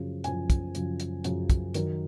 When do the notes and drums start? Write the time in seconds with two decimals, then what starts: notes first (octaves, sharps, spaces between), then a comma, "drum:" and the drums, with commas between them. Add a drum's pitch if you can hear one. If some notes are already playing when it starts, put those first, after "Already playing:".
Already playing: F#2 C#3 F3
0.24 F#2 C#3 F3 G#5, drum: hi-hat
0.50 drum: kick, hi-hat
0.75 F#2 C#3 F3, drum: hi-hat
1.00 drum: hi-hat
1.24 F#2 C#3 F3, drum: hi-hat
1.50 drum: kick, hi-hat
1.74 F#2 D#3 A#4, drum: hi-hat